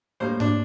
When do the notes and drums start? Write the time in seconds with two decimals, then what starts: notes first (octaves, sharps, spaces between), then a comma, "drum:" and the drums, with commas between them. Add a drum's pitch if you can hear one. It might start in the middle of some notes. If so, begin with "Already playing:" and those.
0.20 A2 G3 A#3 C5
0.40 D4, drum: tom G#2